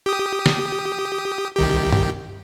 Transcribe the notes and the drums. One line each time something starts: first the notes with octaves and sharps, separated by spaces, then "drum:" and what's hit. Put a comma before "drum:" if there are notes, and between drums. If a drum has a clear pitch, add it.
G4 D#6
drum: snare
C2 D#3 G4
drum: tom G2